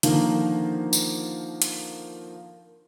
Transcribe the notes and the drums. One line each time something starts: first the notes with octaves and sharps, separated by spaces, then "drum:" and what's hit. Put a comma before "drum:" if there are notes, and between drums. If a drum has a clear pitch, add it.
D3 D#3 F3 A#3, drum: hi-hat
drum: tambourine
drum: hi-hat